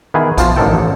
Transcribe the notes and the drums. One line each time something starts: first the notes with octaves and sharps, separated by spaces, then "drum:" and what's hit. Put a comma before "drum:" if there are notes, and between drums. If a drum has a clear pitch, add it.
D#3 E3 B3 E4 G#4
B2 F3 F4 A5, drum: kick B1, hi-hat
A1 D3 D#3 F3 A4 G5
A1